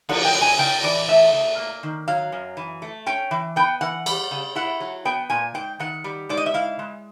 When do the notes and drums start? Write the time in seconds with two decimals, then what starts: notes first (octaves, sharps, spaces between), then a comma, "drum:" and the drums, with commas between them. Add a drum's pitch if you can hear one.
0.09 F3 F#5, drum: cymbal
0.25 G5
0.34 F#2
0.41 G#5
0.58 C#3 G5
0.83 E3 D5
1.08 A3 E5
1.32 C#3
1.58 A#3
1.83 D#3
2.08 F#3 F5
2.32 F#2
2.57 E3
2.82 A3
3.06 C#4 G5
3.31 E3
3.56 B3 G5
3.81 E3 F#5
4.06 G3, drum: cymbal
4.31 C#3
4.55 E4 F#5
4.80 F#3
5.05 B3 G5
5.30 A#2 G#5
5.54 G#2 G5
5.79 D#3 F#5
6.04 G3
6.29 G#2 D5
6.37 D#5
6.46 E5
6.54 E4 F5
6.79 G#3